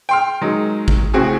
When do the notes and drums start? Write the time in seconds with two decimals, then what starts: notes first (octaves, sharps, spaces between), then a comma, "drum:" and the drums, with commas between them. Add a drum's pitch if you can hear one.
0.09 G5 C6 F6
0.41 D#3 F#3 G#3 D#4
0.88 drum: kick
1.14 A2 C#3 C4 F#4 G#4